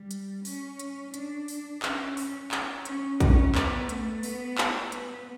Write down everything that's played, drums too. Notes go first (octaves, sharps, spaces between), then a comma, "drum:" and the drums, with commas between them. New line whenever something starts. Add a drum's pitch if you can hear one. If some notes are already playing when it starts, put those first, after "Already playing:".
Already playing: G3
drum: hi-hat
C#4, drum: open hi-hat
drum: hi-hat
D4, drum: hi-hat
drum: open hi-hat
C#4, drum: clap
C#4, drum: open hi-hat
drum: clap
C#4, drum: hi-hat
C#4, drum: kick A#1, hi-hat
B3, drum: clap
A3, drum: hi-hat
B3, drum: open hi-hat
drum: clap
B3, drum: hi-hat